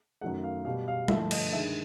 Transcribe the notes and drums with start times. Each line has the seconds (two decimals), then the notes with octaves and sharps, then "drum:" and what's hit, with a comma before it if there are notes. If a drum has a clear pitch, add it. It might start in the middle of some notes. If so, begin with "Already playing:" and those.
0.21 F#2 D#3 F#3 A3 F#5
0.44 F5
0.65 B2 G3 F5
0.88 F5
1.08 G2 D3 F3 A3 E5, drum: tom G3
1.31 D#5, drum: cymbal
1.53 G2 D#3 G#3 E5